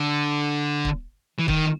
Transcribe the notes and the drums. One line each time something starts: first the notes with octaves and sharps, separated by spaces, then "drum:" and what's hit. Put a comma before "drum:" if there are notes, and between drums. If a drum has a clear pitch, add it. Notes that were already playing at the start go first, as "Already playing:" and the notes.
Already playing: D3
drum: kick
E3
D#3, drum: kick